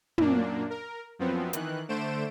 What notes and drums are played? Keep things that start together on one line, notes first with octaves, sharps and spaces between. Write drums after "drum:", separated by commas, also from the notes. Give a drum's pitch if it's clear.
F#2 A#2 A#3 D4, drum: tom
A#4
F#2 F3 B3 C4
D#3 E3 F#6, drum: hi-hat
D3 A3 C5 D7 E7